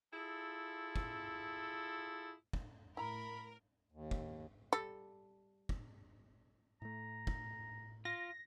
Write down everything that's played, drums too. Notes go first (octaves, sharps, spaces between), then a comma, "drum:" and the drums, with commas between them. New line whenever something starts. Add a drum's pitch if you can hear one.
E4 F4 G#4 A4
drum: kick
drum: kick
A2 E4 A#4 A#5 B5
D#2
drum: kick
G3 A4
drum: kick
A2 A3 A#5
drum: kick
F4 A#6